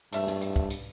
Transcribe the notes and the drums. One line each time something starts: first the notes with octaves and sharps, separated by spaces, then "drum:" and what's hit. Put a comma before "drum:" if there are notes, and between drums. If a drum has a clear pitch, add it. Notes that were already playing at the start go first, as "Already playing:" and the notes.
G2 A3 E5, drum: hi-hat
drum: snare
drum: hi-hat
drum: kick
drum: hi-hat